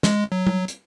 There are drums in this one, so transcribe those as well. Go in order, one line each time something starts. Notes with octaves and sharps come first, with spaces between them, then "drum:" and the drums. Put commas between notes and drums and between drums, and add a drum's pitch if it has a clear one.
G#3, drum: snare
F#3
drum: tom G3
drum: hi-hat